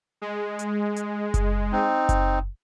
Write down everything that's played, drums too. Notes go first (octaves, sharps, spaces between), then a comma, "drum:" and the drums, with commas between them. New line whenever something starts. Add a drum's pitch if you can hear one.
G#3
drum: hi-hat
drum: hi-hat
drum: kick F#1, hi-hat
C4 D#4
drum: kick F#1, hi-hat